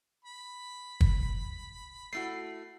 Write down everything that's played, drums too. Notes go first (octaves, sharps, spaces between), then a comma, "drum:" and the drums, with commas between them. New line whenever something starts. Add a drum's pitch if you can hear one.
B5
drum: kick
A3 E4 F#4 C7